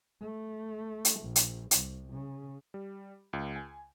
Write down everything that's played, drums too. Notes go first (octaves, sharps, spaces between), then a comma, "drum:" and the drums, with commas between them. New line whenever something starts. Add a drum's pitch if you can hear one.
A3
drum: hi-hat
A#1
drum: hi-hat
C2, drum: hi-hat
C#3
G3
C#2
G#5